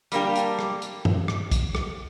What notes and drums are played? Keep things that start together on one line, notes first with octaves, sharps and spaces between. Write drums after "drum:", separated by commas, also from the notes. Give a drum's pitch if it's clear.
G3 A#3 D4 G4, drum: hi-hat
drum: hi-hat
drum: rim click
drum: hi-hat
drum: tom
drum: rim click
drum: kick, hi-hat
drum: rim click